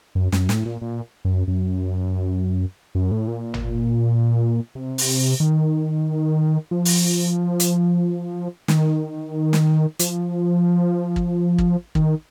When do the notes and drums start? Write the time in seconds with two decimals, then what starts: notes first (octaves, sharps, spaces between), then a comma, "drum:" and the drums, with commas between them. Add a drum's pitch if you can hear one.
0.15 F#2
0.32 F#2, drum: snare
0.49 A2, drum: snare
0.65 A#2
0.81 A#2
1.25 F#2
1.48 F#2
2.95 F#2
3.11 A2
3.28 A#2
3.54 drum: tom
4.75 C3
4.98 drum: open hi-hat
5.40 D#3
6.71 F3
6.85 drum: open hi-hat
7.60 drum: hi-hat
8.68 D#3, drum: snare
9.53 drum: snare
9.99 F3, drum: hi-hat
11.16 drum: kick
11.58 drum: kick
11.95 D#3, drum: kick